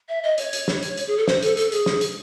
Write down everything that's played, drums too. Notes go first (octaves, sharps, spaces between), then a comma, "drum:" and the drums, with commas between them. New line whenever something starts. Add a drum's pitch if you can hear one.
E5
D#5
C#5, drum: hi-hat
drum: hi-hat
drum: snare
drum: hi-hat
drum: hi-hat
G#4
A4
C5, drum: snare
A4, drum: hi-hat
A4, drum: hi-hat
G#4, drum: hi-hat
drum: snare
drum: hi-hat